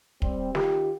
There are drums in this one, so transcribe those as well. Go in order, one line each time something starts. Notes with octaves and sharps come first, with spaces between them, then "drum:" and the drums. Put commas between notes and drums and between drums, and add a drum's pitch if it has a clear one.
G3 C4, drum: kick
D#3 F4 G4, drum: snare